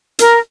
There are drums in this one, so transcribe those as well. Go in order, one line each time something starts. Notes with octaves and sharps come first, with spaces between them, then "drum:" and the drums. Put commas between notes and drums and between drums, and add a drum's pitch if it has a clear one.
A#4, drum: hi-hat